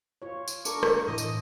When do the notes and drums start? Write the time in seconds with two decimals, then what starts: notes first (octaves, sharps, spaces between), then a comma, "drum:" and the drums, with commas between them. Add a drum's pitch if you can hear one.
0.22 F4 C#5
0.48 drum: tambourine
0.65 D4 A4 A#4 C#6 D6, drum: tambourine
0.83 drum: rim click
1.08 A2 E3 D#5
1.18 drum: tambourine